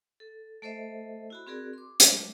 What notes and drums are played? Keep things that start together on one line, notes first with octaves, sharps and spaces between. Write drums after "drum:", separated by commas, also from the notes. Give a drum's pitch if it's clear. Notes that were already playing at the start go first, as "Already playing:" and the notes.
A4
A3 A4 C5 D#5 E5
E4 F#4 B5
C4 F#4 G#4 A#4 D5
C6 D6
F#3 G#3 A3 D4, drum: hi-hat